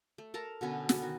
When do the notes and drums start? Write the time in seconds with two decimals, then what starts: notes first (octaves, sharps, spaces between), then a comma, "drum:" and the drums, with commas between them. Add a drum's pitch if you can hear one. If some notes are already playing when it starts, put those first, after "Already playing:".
0.18 A3
0.34 A4 A#4 A5 A#5
0.61 B2 D3 B3 C#4
0.89 B3, drum: snare
1.02 D#3 F#4